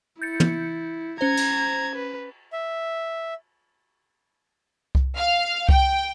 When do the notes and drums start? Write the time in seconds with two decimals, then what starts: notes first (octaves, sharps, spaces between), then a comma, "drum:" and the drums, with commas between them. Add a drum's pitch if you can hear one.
0.22 E4 G6 A6 C#7
0.40 drum: tom
1.21 C#4 C5 A#5 G#6
1.37 drum: cymbal
1.95 B4
2.53 E5
4.95 drum: kick C2
5.16 F5
5.69 G5, drum: kick C2